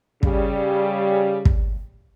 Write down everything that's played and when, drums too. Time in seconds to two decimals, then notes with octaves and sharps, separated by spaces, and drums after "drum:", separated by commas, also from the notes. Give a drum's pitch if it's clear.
0.23 C#3 G3, drum: kick
1.45 drum: kick